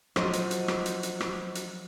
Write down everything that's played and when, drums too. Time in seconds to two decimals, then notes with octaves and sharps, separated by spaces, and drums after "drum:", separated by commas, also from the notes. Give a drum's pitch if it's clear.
0.16 F3 F#3 C5 D#5, drum: rim click
0.33 drum: hi-hat
0.51 drum: hi-hat
0.68 drum: rim click
0.86 drum: hi-hat
1.03 drum: hi-hat
1.20 drum: rim click
1.55 drum: hi-hat